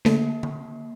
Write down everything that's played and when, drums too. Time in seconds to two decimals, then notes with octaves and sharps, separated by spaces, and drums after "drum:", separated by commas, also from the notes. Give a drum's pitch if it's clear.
0.05 D3 A3 A#3, drum: snare A3
0.43 drum: tom D3